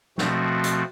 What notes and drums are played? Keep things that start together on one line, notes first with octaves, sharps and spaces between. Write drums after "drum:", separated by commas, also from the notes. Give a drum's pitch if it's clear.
B2 F3 A3 C4 F#4, drum: snare
drum: hi-hat